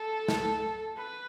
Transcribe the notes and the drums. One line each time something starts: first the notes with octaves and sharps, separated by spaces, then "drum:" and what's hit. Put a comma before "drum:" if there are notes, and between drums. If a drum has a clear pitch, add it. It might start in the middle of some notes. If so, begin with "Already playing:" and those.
Already playing: A4
drum: snare
B4